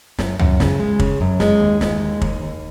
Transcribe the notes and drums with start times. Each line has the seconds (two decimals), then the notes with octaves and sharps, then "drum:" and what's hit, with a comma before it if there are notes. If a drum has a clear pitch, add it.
0.19 F#2, drum: snare
0.39 F#2, drum: tom
0.60 C#3, drum: snare
0.80 G#3
1.00 C#3, drum: kick
1.21 F#2
1.40 G#3, drum: snare
1.60 D#2
1.81 G#3, drum: snare
2.02 D#2
2.22 D#2, drum: kick
2.42 D#2